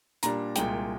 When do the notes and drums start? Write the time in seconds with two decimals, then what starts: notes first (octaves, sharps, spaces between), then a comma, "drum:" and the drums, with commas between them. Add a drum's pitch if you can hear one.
0.23 A#2 G3 D4 A#5, drum: hi-hat
0.56 C2 A#2 G#3 G5, drum: hi-hat